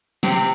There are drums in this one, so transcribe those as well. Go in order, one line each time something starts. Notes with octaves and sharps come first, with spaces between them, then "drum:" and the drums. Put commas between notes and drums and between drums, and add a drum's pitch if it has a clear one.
C3, drum: snare